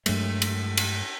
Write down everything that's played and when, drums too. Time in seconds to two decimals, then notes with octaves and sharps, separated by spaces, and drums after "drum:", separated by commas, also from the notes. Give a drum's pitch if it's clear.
0.06 G2 F#3 G#3 A3, drum: cymbal
0.42 drum: cymbal
0.77 drum: cymbal